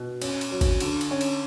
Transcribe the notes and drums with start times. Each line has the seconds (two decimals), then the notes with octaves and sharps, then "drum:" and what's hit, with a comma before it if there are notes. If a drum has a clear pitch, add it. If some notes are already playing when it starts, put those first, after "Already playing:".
Already playing: B2
0.22 C#4, drum: cymbal
0.41 drum: cymbal
0.51 F#3
0.61 drum: kick G#1, cymbal
0.80 D3, drum: cymbal
1.01 drum: cymbal
1.11 C#4
1.21 drum: cymbal